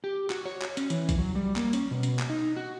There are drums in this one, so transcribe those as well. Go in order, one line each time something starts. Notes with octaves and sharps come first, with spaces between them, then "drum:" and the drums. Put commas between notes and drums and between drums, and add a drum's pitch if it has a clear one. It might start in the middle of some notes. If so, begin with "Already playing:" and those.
G4
F#4, drum: clap
C#5
drum: clap
C#4, drum: hi-hat
E3, drum: hi-hat
drum: kick B1, hi-hat
F#3
G3
A#3, drum: clap
C#4, drum: hi-hat
B2
drum: hi-hat
drum: clap
D#4
F#4